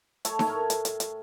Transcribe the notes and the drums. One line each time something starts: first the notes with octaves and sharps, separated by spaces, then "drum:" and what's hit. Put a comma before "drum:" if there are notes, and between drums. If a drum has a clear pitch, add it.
A3 A4 C#5, drum: hi-hat
A4 C#5, drum: snare D#4
A2 A#4
drum: hi-hat
drum: hi-hat
drum: hi-hat